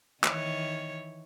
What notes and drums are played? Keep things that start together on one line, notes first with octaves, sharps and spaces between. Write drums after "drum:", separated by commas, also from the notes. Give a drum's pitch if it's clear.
D#3 E3 C#5, drum: clap